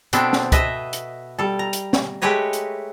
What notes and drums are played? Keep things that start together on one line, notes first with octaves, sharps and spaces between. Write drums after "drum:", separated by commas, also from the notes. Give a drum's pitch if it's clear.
B2 B3 C4 D4 A4 G5, drum: hi-hat
drum: snare
B2 B4 D#5 E5, drum: kick, hi-hat
drum: hi-hat
G3 A4
A#5
drum: hi-hat
drum: snare
G#3 A3 G4 B4 C#5 D#5
drum: hi-hat